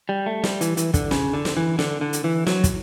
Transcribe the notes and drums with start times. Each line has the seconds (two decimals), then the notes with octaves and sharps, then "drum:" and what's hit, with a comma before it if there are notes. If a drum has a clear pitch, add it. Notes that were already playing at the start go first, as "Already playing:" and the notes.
0.09 G3
0.26 A3
0.44 G3, drum: snare
0.61 E3, drum: hi-hat
0.77 E3, drum: hi-hat
0.94 D3, drum: kick, hi-hat
1.11 C#3, drum: snare
1.34 D3
1.45 drum: snare
1.57 E3
1.79 D3, drum: snare
2.01 D3
2.13 drum: hi-hat
2.24 E3
2.47 F#3, drum: snare
2.64 drum: kick, hi-hat